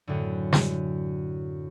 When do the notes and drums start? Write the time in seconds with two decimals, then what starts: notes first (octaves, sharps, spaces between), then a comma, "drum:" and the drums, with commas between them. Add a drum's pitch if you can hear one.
0.07 F#2 A2 D3
0.53 drum: snare